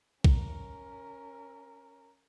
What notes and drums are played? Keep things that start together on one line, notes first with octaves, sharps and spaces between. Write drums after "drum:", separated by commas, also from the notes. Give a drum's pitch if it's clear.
C#4 A#4, drum: kick